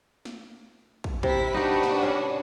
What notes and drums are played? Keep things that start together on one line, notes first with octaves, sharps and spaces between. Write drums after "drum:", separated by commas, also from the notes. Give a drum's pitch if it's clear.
drum: snare
drum: kick
C3 E4 B6, drum: kick
D4 D#4 F#4 G4 B4
drum: snare
C#4